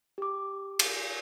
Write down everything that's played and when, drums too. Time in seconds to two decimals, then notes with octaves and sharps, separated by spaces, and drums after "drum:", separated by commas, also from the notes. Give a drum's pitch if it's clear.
0.18 G4 D6
0.79 drum: cymbal